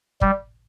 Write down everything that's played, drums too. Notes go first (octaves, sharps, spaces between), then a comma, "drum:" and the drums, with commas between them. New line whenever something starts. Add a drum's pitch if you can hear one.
G3, drum: kick